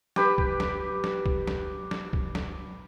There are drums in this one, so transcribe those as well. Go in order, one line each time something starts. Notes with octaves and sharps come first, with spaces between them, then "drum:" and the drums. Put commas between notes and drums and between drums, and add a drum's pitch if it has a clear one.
G4 B4, drum: snare
drum: kick
drum: snare
drum: snare
drum: kick
drum: snare
drum: snare
drum: kick
drum: snare